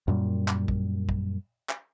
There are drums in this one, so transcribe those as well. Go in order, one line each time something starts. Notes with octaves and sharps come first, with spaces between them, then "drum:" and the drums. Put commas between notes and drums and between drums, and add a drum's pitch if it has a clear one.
F#2 A#2 G3
drum: clap
drum: kick
drum: kick
drum: clap